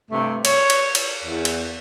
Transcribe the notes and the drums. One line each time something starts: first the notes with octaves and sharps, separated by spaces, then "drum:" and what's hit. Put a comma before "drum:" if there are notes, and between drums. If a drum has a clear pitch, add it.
G2 C3 A3
C#5, drum: cymbal
drum: cymbal
drum: cymbal
E2
drum: cymbal